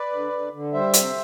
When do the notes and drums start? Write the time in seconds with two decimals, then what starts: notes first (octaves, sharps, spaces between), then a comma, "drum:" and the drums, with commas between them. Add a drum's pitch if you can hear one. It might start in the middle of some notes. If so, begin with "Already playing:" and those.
Already playing: B4 D5
0.12 D3
0.33 D3
0.53 D3
0.73 G3 C5 E5
0.94 C3, drum: hi-hat